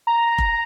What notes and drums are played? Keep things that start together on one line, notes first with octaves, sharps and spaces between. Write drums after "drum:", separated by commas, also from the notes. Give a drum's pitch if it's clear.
A#5
drum: kick F1